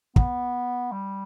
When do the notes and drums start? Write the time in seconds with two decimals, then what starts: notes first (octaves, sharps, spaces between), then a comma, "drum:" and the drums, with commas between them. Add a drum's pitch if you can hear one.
0.16 B3, drum: kick
0.92 G3